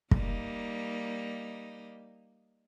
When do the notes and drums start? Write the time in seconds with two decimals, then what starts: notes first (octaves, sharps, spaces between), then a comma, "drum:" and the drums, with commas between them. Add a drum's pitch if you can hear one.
0.11 G3 A#3 D#4, drum: kick